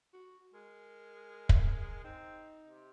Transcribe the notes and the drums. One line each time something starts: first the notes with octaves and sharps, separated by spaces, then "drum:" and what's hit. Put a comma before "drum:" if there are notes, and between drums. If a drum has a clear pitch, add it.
F#4
G#3 A#4
drum: kick
C4 D#4
C3